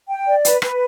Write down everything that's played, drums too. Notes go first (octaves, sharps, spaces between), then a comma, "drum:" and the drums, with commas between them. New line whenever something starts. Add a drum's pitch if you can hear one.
G5
D5
B4, drum: hi-hat
B4, drum: rim click